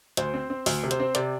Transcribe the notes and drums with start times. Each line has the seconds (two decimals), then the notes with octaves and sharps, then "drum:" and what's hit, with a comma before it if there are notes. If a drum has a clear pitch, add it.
0.17 D2 C5, drum: hi-hat
0.34 C4
0.50 C4
0.66 D2, drum: open hi-hat
0.83 C3
0.91 C5, drum: hi-hat
1.00 C4
1.15 C3 D5, drum: hi-hat